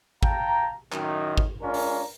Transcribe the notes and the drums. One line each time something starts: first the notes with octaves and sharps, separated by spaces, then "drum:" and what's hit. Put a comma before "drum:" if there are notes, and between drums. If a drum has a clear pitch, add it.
F5 G5 A5 A#5, drum: kick G#1
F#2 A2 D#3, drum: clap
drum: kick G#1
G#3 C#4 D4 F4 A#4
drum: open hi-hat